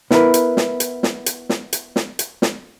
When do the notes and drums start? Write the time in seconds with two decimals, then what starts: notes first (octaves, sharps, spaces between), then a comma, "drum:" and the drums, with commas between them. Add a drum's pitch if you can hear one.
0.11 B3 E4 A#4 B4, drum: snare
0.34 drum: hi-hat
0.57 drum: snare
0.80 drum: hi-hat
1.03 drum: snare
1.26 drum: hi-hat
1.49 drum: snare
1.73 drum: hi-hat
1.96 drum: snare
2.19 drum: hi-hat
2.42 drum: snare